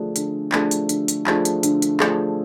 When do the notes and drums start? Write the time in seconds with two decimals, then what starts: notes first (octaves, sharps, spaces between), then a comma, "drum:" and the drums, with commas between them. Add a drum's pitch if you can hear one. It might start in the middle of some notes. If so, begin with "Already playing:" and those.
Already playing: D3 F3 A3 D4 G#4
0.16 D3, drum: hi-hat
0.52 F3 A3 D4 G#4, drum: clap
0.71 drum: hi-hat
0.89 D3, drum: hi-hat
1.08 drum: hi-hat
1.27 F3 A3 D4 G#4, drum: clap
1.45 drum: hi-hat
1.63 D3, drum: hi-hat
1.82 drum: hi-hat
2.00 F3 A3 D4 G#4, drum: clap